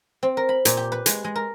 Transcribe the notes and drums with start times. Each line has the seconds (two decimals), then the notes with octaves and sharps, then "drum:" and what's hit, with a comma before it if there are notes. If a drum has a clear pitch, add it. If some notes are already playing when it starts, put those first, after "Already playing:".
0.23 C4
0.37 A#4
0.49 B5
0.65 A#2, drum: hi-hat
0.77 G4
0.92 B4
1.06 G#3, drum: hi-hat
1.24 G#3
1.36 A#4